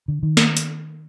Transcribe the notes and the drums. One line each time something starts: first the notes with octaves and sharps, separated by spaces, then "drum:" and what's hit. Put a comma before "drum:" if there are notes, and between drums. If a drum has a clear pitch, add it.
D3
D#3
drum: snare
drum: hi-hat